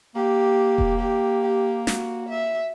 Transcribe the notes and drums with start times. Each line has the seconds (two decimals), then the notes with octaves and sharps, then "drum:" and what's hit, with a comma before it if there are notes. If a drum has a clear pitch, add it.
0.15 A#3 G4
0.78 drum: kick E1
0.99 G4
1.42 G4
1.87 F#4, drum: snare
2.29 E5